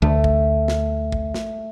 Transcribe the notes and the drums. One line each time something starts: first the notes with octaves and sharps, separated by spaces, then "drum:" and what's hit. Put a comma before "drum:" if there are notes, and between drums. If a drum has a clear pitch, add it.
D2 A3
drum: kick
drum: snare
drum: kick
drum: snare